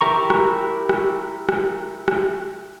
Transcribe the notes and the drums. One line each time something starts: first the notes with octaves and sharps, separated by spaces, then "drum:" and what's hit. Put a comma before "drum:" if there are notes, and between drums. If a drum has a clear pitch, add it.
E4 G4 A#4 A#5 C#6
drum: rim click
drum: rim click
drum: rim click
drum: rim click